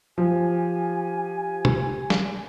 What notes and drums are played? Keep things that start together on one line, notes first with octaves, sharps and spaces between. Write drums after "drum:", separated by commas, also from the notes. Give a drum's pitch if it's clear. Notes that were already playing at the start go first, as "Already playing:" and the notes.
F3 G4 G#5
drum: tom
drum: snare